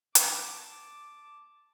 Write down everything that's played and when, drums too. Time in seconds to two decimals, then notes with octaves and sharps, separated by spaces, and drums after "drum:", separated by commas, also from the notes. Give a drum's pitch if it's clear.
0.15 A5 D6, drum: hi-hat